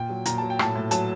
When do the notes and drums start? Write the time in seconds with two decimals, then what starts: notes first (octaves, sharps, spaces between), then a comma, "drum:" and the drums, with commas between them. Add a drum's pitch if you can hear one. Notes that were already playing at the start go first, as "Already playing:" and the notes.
Already playing: A#2 G5
0.10 F#3
0.26 A#2 A#5, drum: hi-hat
0.38 F#3 A5
0.50 G5
0.59 A2 A5, drum: rim click
0.75 A2
0.91 F#3 A5, drum: hi-hat